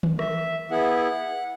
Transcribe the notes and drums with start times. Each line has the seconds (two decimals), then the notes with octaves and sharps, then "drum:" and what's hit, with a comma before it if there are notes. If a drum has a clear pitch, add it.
0.03 drum: tom D#3
0.19 E5, drum: rim click
0.70 B3 E4 G#4 F#5